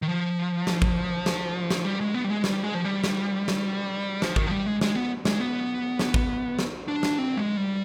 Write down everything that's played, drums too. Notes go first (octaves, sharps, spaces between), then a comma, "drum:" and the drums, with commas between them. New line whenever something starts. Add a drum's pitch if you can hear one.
D#3
F3
drum: snare
drum: kick
drum: snare
drum: snare
G3
G#3
B3
G3
G#3
G3, drum: snare
G#3
F3
G3
drum: snare
drum: snare
F3, drum: snare
D#3, drum: kick
F3
G3
G#3
G#3, drum: snare
B3
G#3, drum: snare
B3
drum: snare
drum: kick
drum: snare
D4
drum: snare
C4
G#3
G3